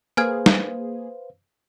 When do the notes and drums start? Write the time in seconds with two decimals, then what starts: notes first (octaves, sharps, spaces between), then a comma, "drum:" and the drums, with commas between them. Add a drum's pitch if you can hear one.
0.17 A#3 G#4 B4 C5 F5 G#5 F6 G#6
0.46 drum: snare